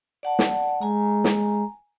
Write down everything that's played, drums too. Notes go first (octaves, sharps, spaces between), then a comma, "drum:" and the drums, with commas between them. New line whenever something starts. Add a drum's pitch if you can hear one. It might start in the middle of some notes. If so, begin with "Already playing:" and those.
D5 F#5 A5
drum: snare
G#3 G#5 A#5
drum: snare